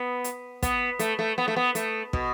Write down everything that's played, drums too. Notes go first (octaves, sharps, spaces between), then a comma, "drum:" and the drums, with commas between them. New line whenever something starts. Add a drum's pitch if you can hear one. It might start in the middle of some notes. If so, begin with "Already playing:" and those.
Already playing: B3
drum: hi-hat
B3, drum: kick, hi-hat
A3, drum: hi-hat
A3
B3
A3
B3
A3, drum: hi-hat
B2, drum: kick